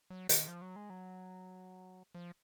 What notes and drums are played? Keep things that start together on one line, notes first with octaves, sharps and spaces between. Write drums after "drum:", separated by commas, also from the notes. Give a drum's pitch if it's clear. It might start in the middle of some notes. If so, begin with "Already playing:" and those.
F#3
D#3, drum: hi-hat
F3
F#3
G#3
F#3
F3